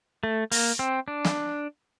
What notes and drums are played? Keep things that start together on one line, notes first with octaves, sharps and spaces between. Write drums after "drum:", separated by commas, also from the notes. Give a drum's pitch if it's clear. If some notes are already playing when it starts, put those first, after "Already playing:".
A3
A#3, drum: open hi-hat
C4
D4
drum: snare